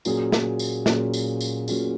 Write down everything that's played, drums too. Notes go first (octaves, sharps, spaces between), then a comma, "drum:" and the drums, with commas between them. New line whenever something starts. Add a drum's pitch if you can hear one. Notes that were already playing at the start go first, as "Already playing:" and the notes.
A#2 F#3 C#4 F4 G#4, drum: tambourine
drum: snare
drum: tambourine
A#2 F#3 C#4 F4 G#4, drum: snare
drum: tambourine
drum: tambourine
A#2 F#3 C#4 F4 G#4, drum: tambourine